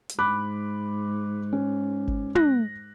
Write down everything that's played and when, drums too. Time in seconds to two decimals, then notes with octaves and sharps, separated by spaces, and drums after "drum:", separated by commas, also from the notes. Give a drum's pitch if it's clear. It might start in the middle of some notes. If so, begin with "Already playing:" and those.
0.09 drum: hi-hat
0.19 G#2 B5 D6 F#6
1.53 C#4
2.08 drum: kick G#1
2.35 F#6 A#6, drum: tom